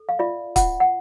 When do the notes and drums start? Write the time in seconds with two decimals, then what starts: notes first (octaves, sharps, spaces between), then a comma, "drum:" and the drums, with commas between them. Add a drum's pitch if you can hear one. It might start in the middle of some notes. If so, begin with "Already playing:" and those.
Already playing: A4
0.09 F5
0.19 F4 D5 E5
0.56 F4 E5 F#5, drum: kick, hi-hat
0.80 F#5